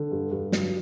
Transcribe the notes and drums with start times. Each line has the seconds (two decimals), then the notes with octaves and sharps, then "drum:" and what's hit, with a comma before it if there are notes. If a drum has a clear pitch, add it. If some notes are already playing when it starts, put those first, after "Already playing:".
Already playing: D3
0.12 G2
0.31 G2
0.52 F#3, drum: snare